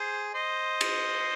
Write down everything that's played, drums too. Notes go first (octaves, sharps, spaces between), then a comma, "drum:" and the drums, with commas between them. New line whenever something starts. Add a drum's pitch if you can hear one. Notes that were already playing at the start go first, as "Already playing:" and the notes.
Already playing: G#4 C5
C5 D#5
drum: cymbal